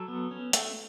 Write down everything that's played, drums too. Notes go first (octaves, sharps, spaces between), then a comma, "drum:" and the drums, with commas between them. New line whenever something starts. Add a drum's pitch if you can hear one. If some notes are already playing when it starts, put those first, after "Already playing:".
Already playing: F#3 A4
B3
C#4
A3, drum: hi-hat